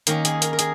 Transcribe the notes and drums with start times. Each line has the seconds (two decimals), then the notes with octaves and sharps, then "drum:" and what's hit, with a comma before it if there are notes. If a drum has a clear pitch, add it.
0.07 D#3 A#3 C#4 A#4, drum: hi-hat
0.25 G#4, drum: hi-hat
0.42 A#4, drum: hi-hat
0.53 A#4
0.59 G#4, drum: hi-hat